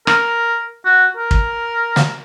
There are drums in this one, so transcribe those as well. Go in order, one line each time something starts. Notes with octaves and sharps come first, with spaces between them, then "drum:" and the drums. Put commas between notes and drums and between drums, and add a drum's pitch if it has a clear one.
A#4, drum: rim click
F#4
A#4
drum: kick
drum: snare